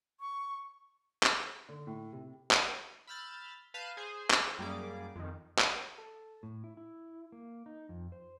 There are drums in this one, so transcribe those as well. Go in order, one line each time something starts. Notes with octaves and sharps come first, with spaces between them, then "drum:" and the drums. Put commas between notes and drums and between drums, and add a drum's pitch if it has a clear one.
C#6
drum: clap
D3
A2
C3
drum: clap
B5 E6 F6 G6 A6
B4 F5 A5 G6 D#7
G#4 C5 G#5
drum: clap
F#2 G3 A#3 G#4 D6
F2 D#3
drum: clap
A4
A2
E4
E4
A#3
D#4
F2
C5